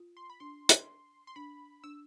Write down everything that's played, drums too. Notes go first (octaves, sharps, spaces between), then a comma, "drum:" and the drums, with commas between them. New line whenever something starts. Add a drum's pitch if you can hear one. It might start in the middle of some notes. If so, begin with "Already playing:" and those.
Already playing: F4
C6
B5
D4 C6
drum: hi-hat
C6
D4 B5
D4 E6